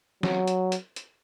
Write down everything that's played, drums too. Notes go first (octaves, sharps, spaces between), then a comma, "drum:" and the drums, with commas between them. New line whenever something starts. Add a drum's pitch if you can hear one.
F#3, drum: snare
drum: hi-hat
drum: hi-hat
drum: hi-hat